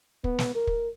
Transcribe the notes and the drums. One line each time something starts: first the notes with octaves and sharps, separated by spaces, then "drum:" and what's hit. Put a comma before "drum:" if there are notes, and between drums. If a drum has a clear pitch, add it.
B3, drum: kick
drum: snare
A#4
drum: kick